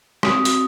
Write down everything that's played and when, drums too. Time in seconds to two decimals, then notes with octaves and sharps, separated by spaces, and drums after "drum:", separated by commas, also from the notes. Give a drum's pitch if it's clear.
0.23 C4 F#4 D#6, drum: rim click
0.45 drum: hi-hat